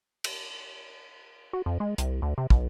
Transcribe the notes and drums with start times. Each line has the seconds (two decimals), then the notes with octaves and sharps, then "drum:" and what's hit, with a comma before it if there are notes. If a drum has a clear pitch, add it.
0.24 drum: cymbal
1.53 F#4
1.66 F2
1.80 G#3
1.98 C2, drum: hi-hat
2.22 D2
2.38 C3
2.50 B1, drum: kick